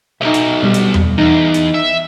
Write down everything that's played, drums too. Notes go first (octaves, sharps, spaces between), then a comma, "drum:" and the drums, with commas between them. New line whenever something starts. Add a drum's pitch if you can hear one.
B1 D#4 E5
drum: hi-hat
B2 G3
drum: hi-hat
drum: tom E2
E2 D#4
drum: hi-hat
E5